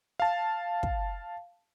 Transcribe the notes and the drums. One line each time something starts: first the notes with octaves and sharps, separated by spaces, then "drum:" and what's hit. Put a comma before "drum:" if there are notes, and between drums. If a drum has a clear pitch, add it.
F5 A5
drum: kick